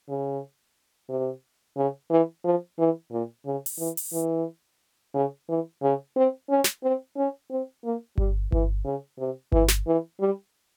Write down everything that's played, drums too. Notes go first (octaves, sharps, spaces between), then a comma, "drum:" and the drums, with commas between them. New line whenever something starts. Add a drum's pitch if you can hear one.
C#3
C3
C#3
E3
F3
E3
A#2
C#3
drum: open hi-hat
E3
drum: open hi-hat
E3
C#3
E3
C#3
C4
C#4
drum: snare
C4
C#4
C4
A#3
G3, drum: kick G1
E3, drum: kick G1
C#3
C3
E3, drum: kick G1
drum: snare
E3
G3